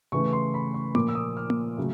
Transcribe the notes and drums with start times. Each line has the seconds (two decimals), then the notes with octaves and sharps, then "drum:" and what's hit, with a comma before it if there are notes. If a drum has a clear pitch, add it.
0.12 C#3 E3 A3 C#6
0.33 C6
0.54 B5
0.74 C#6
0.95 A#2 F3 A#3 D6, drum: tom A#3
1.09 E6
1.15 D#6
1.37 F6
1.50 drum: tom A#3
1.77 C#3 F#3 A3